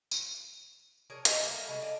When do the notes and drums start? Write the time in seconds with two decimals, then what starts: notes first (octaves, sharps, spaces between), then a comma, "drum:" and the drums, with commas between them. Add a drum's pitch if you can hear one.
0.11 drum: tambourine
1.10 D4 G#4 A#4 C#5
1.25 D#4 D#5 G#5 A#5, drum: hi-hat
1.42 G3 A3 A#3
1.68 C#3 G#3 B3
1.82 D4 D5 D#5 F5